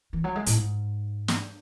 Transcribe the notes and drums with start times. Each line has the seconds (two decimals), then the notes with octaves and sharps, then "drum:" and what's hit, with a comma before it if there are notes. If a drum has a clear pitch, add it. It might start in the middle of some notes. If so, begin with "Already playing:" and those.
0.13 E3
0.24 F#3
0.36 G#3
0.46 A2, drum: hi-hat
0.57 G#2
1.28 drum: snare